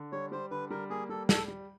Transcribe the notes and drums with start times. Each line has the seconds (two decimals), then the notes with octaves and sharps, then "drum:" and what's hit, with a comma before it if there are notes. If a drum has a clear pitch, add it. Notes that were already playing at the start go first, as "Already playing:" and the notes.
Already playing: D3
0.12 G3 C#5
0.32 G3 C5
0.51 D3 B4
0.70 G3 A#4
0.90 A#3 G#4
1.09 G3 A4
1.29 G3 A4, drum: snare
1.48 G3